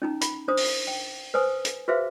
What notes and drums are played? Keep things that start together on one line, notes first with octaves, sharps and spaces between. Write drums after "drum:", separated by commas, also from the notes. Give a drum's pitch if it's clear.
C#4 D#4 A#5
B5, drum: hi-hat
D4 C5 D#6
drum: open hi-hat
G5
B4 C5 G#5 D#6
drum: hi-hat
F#4 G#4 B4 C5 E5 F5